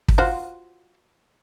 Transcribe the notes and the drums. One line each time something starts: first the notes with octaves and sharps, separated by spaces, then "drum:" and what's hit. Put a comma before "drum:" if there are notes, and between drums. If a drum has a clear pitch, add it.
drum: kick
F4 F#4 C5